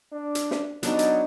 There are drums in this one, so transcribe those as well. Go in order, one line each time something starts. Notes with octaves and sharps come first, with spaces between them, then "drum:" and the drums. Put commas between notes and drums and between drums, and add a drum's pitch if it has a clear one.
D4
drum: hi-hat
drum: snare
F#3 B3 D4 D#4, drum: hi-hat
drum: hi-hat